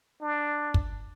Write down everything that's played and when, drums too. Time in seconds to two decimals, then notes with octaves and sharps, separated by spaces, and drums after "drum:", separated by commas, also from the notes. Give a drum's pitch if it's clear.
0.21 D4
0.74 drum: kick